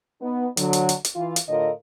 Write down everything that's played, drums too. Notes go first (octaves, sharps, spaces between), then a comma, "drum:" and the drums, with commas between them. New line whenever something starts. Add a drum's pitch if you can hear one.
B3 D#4
D3 F#3, drum: hi-hat
drum: hi-hat
drum: hi-hat
drum: hi-hat
E3 F4
drum: hi-hat
A2 D3 F4 A4 A#4 D#5